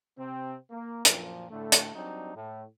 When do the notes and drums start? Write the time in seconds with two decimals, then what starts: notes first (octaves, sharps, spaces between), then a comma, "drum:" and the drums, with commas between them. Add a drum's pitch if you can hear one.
0.17 C3 C4
0.71 A#3
1.05 F#2 A#2 F3, drum: hi-hat
1.50 A2 D3 A3
1.72 drum: hi-hat
1.95 F#3 G3 C4 D4 D#4
2.36 A2